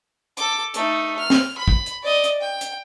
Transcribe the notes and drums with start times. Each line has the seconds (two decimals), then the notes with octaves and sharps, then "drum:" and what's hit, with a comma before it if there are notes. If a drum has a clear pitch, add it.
0.37 A4 D6, drum: hi-hat
0.74 A3 D#4, drum: hi-hat
1.19 F6
1.30 drum: snare
1.58 B5
1.68 drum: kick
1.86 drum: hi-hat
2.03 D5 D#5
2.24 drum: hi-hat
2.41 G5
2.61 drum: hi-hat